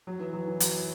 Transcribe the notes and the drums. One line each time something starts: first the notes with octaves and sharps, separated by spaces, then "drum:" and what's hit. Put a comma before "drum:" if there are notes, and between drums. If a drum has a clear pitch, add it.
F#3
E3
F#3
E3
F#3, drum: hi-hat